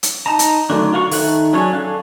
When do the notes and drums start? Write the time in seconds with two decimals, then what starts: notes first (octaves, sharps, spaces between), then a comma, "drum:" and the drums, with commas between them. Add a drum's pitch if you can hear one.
0.03 drum: hi-hat
0.26 D#4 A5 A#5
0.39 drum: hi-hat
0.70 D3 D#3 F#3 A3 D4
0.93 F4 F#4 F5 G#5 C#6
1.11 D#3 A4 E5 F#6, drum: open hi-hat
1.53 F#3 C#4 D4 G#4 C#5
1.73 D4 A4 F5 F#6